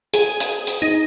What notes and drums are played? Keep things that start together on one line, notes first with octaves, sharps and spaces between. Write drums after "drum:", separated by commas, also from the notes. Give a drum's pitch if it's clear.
G#4, drum: hi-hat
drum: hi-hat
drum: hi-hat
D#4